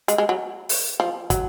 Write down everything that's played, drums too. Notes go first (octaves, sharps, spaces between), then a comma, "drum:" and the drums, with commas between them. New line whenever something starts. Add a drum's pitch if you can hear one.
G#3, drum: hi-hat
G#3
F#3
drum: open hi-hat
F3
F#3, drum: kick, hi-hat